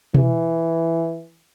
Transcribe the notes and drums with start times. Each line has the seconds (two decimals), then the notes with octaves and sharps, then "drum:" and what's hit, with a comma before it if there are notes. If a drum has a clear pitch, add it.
0.14 E3, drum: tom B2